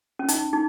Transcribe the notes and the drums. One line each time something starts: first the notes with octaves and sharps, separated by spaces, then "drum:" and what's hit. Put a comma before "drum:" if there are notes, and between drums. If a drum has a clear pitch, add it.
C#4
D#4, drum: hi-hat
D#4